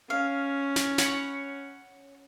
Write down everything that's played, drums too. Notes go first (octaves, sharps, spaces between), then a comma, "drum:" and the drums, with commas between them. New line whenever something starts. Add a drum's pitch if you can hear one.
C#4 F5
drum: snare
C#5 F#5 B5, drum: snare